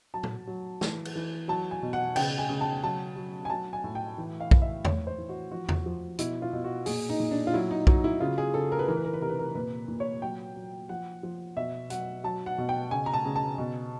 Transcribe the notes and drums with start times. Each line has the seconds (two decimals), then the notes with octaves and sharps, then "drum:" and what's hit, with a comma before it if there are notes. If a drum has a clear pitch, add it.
0.14 F#3 A5
0.23 drum: tom
0.47 F#3
0.81 E3, drum: snare
1.05 drum: cymbal
1.16 E3
1.48 F#3 A5
1.71 G#5
1.82 B2
1.93 F#5
2.16 C#3 G5, drum: cymbal
2.38 G#5
2.49 C#3
2.61 A5
2.83 F#3 A5
3.16 F#3
3.45 G#5
3.50 F#3 A5
3.73 G#5
3.84 A2
3.95 G5
4.18 E3
4.40 F5
4.51 E3, drum: kick B1
4.62 E5
4.85 A2 C#5, drum: tom E2
5.07 C5
5.18 E3
5.29 F#4
5.52 F3 F#4
5.69 drum: tom E2
5.86 F3
6.18 B2 E4, drum: hi-hat
6.42 F4
6.53 B2
6.64 F#4
6.86 A#2 G#4, drum: open hi-hat
7.09 D#4
7.20 A#2
7.31 D4
7.47 F4
7.53 F#3 E4
7.71 D#4
7.87 F#3 D#4, drum: kick B1
8.04 E4
8.20 C#3 F4
8.38 G#4
8.54 C#3 A4
8.72 A#4
8.79 B4
8.88 E3 A#4
8.96 B4
9.05 A#4
9.13 B4
9.21 C3 A#4
9.30 B4
9.39 A#4
9.55 A#2 B4
9.88 A#2
10.00 C#5
10.22 F#3 G5
10.56 F#3
10.89 F3 F#5
11.23 F3
11.57 B2 E5
11.90 F#3 F#5, drum: hi-hat
12.24 F#3 A5
12.46 F#5
12.58 B2
12.69 G5
12.91 C#3 G#5
13.06 A#5
13.14 A5
13.25 C#3
13.36 A5
13.58 B2